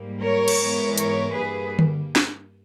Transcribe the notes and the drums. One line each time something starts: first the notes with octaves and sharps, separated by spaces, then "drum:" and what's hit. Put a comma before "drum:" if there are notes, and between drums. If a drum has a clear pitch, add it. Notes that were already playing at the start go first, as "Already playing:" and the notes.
Already playing: G#2 G3 A#3
A#4 C#5
drum: cymbal
G#2 E3 G#3 B3
A#4 C#5, drum: hi-hat
G2 G3 A#3 G#4 B4
drum: tom D3
drum: snare